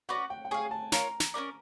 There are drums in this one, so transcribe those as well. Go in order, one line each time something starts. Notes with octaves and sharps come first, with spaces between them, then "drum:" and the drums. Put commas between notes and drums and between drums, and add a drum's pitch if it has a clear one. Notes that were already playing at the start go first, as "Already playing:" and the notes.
C#4 F#4 B4 D5 F#5
G5
G5
G#4 C#5 F5 G#5
A5
F4 A#4 C#5 A#5, drum: snare
drum: snare
C#4 F4 A#4 D5